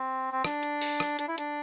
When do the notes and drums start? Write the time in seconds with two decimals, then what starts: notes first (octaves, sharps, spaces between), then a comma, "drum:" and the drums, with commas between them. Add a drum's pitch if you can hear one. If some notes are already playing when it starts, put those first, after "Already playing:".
Already playing: C4
0.32 C4
0.44 D4, drum: rim click
0.63 drum: hi-hat
0.81 drum: open hi-hat
1.00 drum: rim click
1.19 D4, drum: hi-hat
1.28 E4
1.38 D4, drum: hi-hat